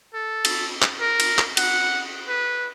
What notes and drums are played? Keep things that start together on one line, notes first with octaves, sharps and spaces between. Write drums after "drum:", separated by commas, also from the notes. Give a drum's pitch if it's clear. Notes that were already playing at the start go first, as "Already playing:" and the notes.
A4
drum: cymbal
drum: clap
A#4
drum: cymbal
drum: clap
F#5, drum: cymbal
B4